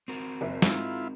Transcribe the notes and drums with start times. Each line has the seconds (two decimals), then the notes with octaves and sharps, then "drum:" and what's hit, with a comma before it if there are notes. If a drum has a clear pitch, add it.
0.08 C4 F#4 A#4
0.41 F#1 E5
0.62 G#2 E4 F4, drum: snare